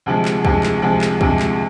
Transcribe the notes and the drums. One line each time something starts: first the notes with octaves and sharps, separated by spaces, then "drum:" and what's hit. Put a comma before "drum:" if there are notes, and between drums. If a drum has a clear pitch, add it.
D2 C3 F3 G#3
drum: clap
D2 C3 F3 G#3, drum: kick B1
drum: clap
D2 C3 F3 G#3
drum: clap
D2 C3 F3 G#3, drum: kick B1
drum: clap